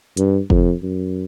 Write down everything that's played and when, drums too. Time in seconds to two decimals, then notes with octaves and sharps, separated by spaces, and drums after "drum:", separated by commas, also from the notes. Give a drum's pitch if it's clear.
0.17 G2, drum: hi-hat
0.50 F2, drum: kick
0.83 F#2